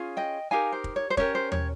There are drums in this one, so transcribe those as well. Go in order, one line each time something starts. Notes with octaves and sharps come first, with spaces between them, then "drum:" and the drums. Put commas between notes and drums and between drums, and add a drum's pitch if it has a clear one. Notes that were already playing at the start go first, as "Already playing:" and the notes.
Already playing: C#4 F4 G#4
D#5 G5
D#4 G4 A#4 F5 G#5
C5
drum: kick
C#5
C5
C#4 G4 A#4 C#5, drum: kick
C5
C#5, drum: tom D#2